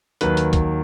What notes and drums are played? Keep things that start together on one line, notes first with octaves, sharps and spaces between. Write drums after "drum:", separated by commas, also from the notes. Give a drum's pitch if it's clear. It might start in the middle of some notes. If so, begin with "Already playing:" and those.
D#2 D#3 F#3 B4, drum: hi-hat
drum: hi-hat
drum: kick, hi-hat